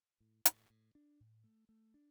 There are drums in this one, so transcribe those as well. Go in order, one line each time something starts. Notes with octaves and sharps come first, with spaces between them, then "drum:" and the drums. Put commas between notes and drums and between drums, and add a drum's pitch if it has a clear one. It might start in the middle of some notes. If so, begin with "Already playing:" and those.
A2
A2, drum: hi-hat
A2
D4
A2
A3
A3
D4